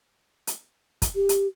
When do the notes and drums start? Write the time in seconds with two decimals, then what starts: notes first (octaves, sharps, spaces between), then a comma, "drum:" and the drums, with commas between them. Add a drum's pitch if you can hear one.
0.47 drum: hi-hat
1.02 drum: kick, hi-hat
1.15 G4
1.29 drum: hi-hat